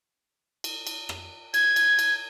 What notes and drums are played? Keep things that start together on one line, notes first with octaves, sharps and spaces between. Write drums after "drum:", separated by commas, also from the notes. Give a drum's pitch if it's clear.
drum: cymbal
drum: cymbal
drum: rim click
G#6, drum: cymbal
drum: cymbal
drum: cymbal